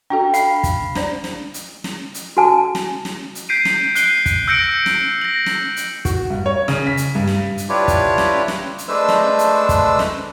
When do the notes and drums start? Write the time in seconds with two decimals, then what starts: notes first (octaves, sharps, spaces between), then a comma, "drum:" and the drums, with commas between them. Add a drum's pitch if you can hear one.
0.10 D4 F#4 A4 G5
0.34 F5 B5 C7, drum: hi-hat
0.63 drum: kick, hi-hat
0.95 D4 C5 D5, drum: snare
1.24 drum: snare
1.54 drum: hi-hat
1.84 drum: snare
2.14 drum: hi-hat
2.37 F#4 G#5 A5
2.75 drum: snare
3.05 drum: snare
3.35 drum: hi-hat
3.49 G6 B6 C7 D7 D#7
3.65 drum: snare
3.95 F#6 C7 D7 D#7 G7, drum: hi-hat
4.26 drum: kick, hi-hat
4.48 E6 G6 A#6 C#7 D7
4.86 drum: snare
5.22 A#6 F#7
5.46 drum: snare
5.77 drum: hi-hat
6.05 F#4, drum: kick, hi-hat
6.30 G2
6.46 C#5
6.68 C#3, drum: snare
6.87 B6
6.97 drum: hi-hat
7.15 G2
7.27 drum: snare
7.58 drum: hi-hat
7.69 D4 E4 F4 G4 B4 C#5
7.88 drum: kick, hi-hat
8.18 drum: snare
8.48 drum: snare
8.78 drum: hi-hat
8.88 G#3 A3 D4 B4 C5 E6
9.08 drum: snare
9.39 drum: hi-hat
9.69 drum: kick, hi-hat
9.99 drum: snare